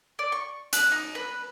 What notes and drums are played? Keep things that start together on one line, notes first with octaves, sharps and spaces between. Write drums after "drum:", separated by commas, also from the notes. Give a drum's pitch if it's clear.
D5
C#6
F#6, drum: hi-hat
D#4
B4